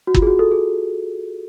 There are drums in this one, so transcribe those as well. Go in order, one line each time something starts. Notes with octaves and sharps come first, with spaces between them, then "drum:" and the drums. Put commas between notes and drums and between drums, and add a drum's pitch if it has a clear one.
F#4
F4, drum: kick
G#4
F#4
A4
G#4